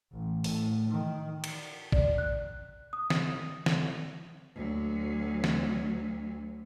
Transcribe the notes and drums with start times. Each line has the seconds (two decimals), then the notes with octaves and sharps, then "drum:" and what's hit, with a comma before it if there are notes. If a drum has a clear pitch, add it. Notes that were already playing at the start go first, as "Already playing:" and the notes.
0.12 A1
0.44 A2, drum: open hi-hat
0.88 D#3
1.44 drum: cymbal
1.92 D5, drum: kick A1
2.18 F#6
2.93 D#6
3.10 drum: snare
3.66 drum: snare
4.55 D2 F#3
5.44 drum: snare